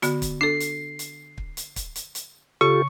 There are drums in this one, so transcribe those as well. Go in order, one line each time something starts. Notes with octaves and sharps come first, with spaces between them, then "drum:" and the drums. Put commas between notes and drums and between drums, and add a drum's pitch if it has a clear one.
D3 B3 F#4, drum: hi-hat
drum: kick, hi-hat
D4 A4 C7
drum: hi-hat
drum: hi-hat
drum: kick
drum: hi-hat
drum: kick, hi-hat
drum: hi-hat
drum: hi-hat
C#3 F4 G4 A4 C#6